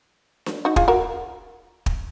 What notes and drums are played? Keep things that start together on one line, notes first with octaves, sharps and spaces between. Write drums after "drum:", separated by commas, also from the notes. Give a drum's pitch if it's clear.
drum: snare D4
D#4 F#4
F4 G#4, drum: kick
F#4 A#4
drum: kick